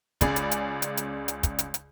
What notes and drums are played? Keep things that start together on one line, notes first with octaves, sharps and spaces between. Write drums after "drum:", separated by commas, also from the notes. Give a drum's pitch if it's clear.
C#2 C#3 G#4 D5 B5, drum: kick, hi-hat
drum: hi-hat
drum: hi-hat
drum: hi-hat
drum: hi-hat
drum: hi-hat
drum: kick, hi-hat
drum: hi-hat
drum: hi-hat